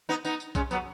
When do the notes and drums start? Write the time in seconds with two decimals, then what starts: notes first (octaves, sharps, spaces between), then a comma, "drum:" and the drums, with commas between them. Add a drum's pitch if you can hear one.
0.09 B3 D#4
0.25 B3 D#4, drum: tambourine
0.40 drum: tambourine
0.55 G#3 C#4, drum: kick A#1, tambourine
0.71 F#3 B3, drum: tambourine